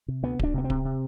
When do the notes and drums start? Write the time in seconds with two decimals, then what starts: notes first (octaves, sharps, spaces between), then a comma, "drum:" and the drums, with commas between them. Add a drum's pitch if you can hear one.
0.08 C3
0.23 D2 B3
0.39 D2 D4, drum: kick D1
0.54 C3 B3
0.64 C4
0.70 C3, drum: kick D1
0.85 C3